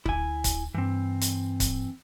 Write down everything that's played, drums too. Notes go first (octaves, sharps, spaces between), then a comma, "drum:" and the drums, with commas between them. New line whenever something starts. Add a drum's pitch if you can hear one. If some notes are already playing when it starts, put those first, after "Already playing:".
D2 E4 G#5, drum: kick C#1
drum: kick C#1, hi-hat
G2 E3 C4
drum: hi-hat
drum: kick C#1, hi-hat